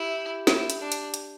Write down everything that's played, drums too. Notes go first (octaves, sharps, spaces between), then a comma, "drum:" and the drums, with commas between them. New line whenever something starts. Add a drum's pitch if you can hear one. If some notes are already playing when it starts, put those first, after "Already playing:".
Already playing: E4 G4
E4, drum: snare
drum: hi-hat
D4
drum: hi-hat
drum: hi-hat